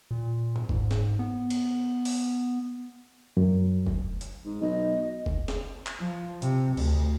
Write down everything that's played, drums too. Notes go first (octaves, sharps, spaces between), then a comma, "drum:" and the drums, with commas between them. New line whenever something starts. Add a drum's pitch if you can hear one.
A#2
drum: tom G#2
G#2, drum: kick
drum: snare
B3
drum: cymbal
drum: open hi-hat
F#2
drum: kick
drum: hi-hat
G#2
B1 D#5
drum: kick
drum: snare
drum: clap
F3
C3, drum: hi-hat
D2, drum: cymbal